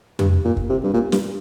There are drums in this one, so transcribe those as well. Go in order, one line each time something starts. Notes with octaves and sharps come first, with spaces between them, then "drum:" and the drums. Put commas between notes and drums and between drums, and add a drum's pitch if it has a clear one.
G2, drum: tom F2
A#2
drum: kick
C3
G2
A#2
G2, drum: snare